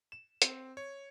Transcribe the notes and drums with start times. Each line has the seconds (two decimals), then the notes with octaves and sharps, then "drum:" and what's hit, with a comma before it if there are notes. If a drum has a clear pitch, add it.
0.12 E7
0.42 C4, drum: hi-hat
0.77 C#5